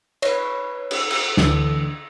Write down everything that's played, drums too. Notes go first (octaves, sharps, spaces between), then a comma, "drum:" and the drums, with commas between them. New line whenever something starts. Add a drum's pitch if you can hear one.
B4 C#5, drum: cymbal
drum: cymbal
drum: cymbal
D2 D3 E3, drum: snare